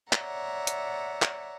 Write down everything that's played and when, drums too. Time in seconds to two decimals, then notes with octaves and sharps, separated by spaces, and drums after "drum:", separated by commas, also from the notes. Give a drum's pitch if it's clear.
0.13 C#5 D5 E5 F#5 A#5, drum: clap
0.67 drum: hi-hat
1.22 drum: clap